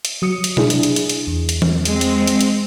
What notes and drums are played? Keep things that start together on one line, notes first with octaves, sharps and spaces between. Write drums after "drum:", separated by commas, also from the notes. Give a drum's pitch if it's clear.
drum: hi-hat
F#3 D#6 C#7
drum: hi-hat
D4 E4 G#4, drum: tom B2
drum: hi-hat
drum: hi-hat
drum: hi-hat
drum: hi-hat
E2
drum: hi-hat
drum: tom E3
G#3 C4, drum: hi-hat
drum: hi-hat
drum: hi-hat
drum: hi-hat